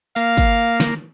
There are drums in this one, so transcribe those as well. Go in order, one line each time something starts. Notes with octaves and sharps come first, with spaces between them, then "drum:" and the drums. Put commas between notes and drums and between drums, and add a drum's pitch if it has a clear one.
A#3 F5, drum: hi-hat
drum: kick, hi-hat
drum: snare